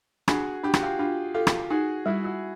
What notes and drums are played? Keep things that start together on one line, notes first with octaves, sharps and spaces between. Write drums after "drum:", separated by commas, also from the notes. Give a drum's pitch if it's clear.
D4 F#4 G#4, drum: rim click
D4 G4
F#4, drum: rim click
F4 G4
D4 F4 G4
F4 G4 A4
drum: rim click
D#4 F#4 G#4
G3 E4 F#4
E4 F#4